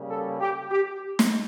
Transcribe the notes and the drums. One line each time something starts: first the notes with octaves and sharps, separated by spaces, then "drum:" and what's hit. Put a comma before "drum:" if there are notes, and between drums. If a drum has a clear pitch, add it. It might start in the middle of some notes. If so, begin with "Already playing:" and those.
Already playing: C#3 G3 A#3
A4
G4
G4
drum: snare